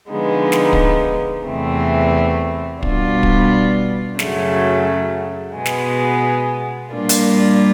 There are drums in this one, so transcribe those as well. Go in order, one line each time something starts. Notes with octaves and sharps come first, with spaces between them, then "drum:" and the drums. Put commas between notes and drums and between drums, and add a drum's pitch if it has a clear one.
D3 F3 G#3 B3 D#4
drum: snare
drum: kick
E2 C3 E3 A3 C4
B2 G3 B3 D4 F4, drum: kick
drum: kick
F#2 C#3 F#3 A3, drum: snare
B2 G#3 B3
drum: snare
A#2 G3 A#3 D4 F4
drum: hi-hat